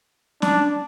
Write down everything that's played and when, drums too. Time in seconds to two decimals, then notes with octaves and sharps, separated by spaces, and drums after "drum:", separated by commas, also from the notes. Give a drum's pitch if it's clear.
0.42 D4, drum: snare